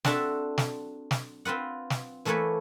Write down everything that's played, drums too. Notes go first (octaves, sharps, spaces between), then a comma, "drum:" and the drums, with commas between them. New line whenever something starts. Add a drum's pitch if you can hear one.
C4 D4 F#4 A4 E5 A5, drum: snare
drum: snare
drum: snare
C4 F4 B4 F#5
drum: snare
E3 A3 A#3 A4 B4 C#5